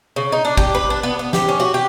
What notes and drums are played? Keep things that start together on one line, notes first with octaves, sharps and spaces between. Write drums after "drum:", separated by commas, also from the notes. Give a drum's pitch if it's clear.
C#3
D#4
D4
G4, drum: kick
B4
D4
B3
B3
G4, drum: snare
C#4
F#4
G4